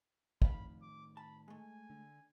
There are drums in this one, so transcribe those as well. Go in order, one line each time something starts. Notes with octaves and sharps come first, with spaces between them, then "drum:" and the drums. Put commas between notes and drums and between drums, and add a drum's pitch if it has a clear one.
F2 A2 D#3 F5 B5, drum: kick
D6
A5 B5
G#3 A3 G#5
D3